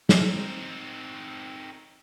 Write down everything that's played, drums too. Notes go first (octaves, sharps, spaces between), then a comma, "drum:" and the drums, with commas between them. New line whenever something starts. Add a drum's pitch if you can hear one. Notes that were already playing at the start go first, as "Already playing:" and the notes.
C4 D#4, drum: snare